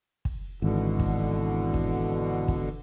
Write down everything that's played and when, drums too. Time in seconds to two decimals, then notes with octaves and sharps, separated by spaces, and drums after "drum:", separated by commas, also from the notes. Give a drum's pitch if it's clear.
0.25 drum: kick
0.62 G#1 B2 D3 E3
0.99 drum: kick
1.74 drum: kick
2.48 drum: kick